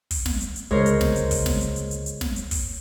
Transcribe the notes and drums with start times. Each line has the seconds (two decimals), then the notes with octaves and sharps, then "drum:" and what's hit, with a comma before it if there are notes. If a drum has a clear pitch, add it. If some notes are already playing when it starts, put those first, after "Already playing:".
0.11 drum: kick, open hi-hat
0.26 drum: snare
0.41 drum: hi-hat
0.56 drum: hi-hat
0.71 C#2 D3 G#3 A#4 C5 C#5
0.86 drum: hi-hat
1.01 drum: snare
1.16 drum: hi-hat
1.31 drum: kick, open hi-hat
1.46 drum: snare
1.61 drum: hi-hat
1.76 drum: hi-hat
1.91 drum: hi-hat
2.06 drum: hi-hat
2.21 drum: snare
2.36 drum: hi-hat
2.51 drum: kick, open hi-hat